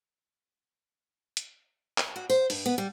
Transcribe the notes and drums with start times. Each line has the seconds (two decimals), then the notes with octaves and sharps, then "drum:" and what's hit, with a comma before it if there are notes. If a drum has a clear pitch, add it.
1.37 drum: hi-hat
1.98 drum: clap
2.16 F#4
2.30 C5, drum: tambourine
2.50 G2, drum: open hi-hat
2.66 B3
2.78 G3